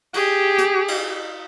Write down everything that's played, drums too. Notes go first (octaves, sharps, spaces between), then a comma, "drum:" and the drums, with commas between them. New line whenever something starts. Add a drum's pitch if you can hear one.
G4 G#4, drum: cymbal
drum: hi-hat
drum: cymbal